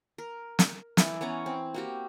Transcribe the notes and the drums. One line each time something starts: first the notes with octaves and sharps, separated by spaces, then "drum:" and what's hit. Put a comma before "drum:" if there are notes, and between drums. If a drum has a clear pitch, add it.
A#4
drum: snare
E3 E4 D5, drum: snare
B3 C#4 C#5 A#5
C4
A#3 F#4 G4